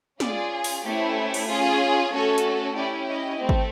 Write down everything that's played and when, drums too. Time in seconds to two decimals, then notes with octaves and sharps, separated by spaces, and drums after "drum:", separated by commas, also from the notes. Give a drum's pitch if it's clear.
0.20 C#4 F4 G#4 D5, drum: snare
0.64 drum: open hi-hat
0.84 A3 C#4 E4 G4 C5
1.34 drum: cymbal
1.48 C#4 F4 G#4
2.12 A3 C#4 F#4 A4 C#5
2.38 drum: hi-hat
2.75 C#4 E4 G4 D5
3.07 D#5
3.39 A3 C4
3.49 drum: kick